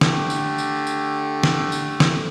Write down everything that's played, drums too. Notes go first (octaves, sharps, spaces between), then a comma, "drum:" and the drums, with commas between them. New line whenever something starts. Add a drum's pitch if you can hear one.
D3 A3 G4, drum: snare
drum: tambourine
drum: tambourine
drum: tambourine
drum: snare
drum: tambourine
drum: snare